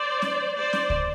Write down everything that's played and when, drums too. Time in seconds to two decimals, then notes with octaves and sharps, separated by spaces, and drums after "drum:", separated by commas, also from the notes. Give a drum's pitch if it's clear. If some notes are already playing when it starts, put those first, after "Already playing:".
Already playing: C5 D5
0.22 drum: snare C#4
0.56 C5 D5
0.73 drum: snare C#4
0.90 drum: kick C#2